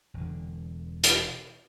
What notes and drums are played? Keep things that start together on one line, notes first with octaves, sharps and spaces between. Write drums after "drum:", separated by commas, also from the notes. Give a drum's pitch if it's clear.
E1 D3
drum: hi-hat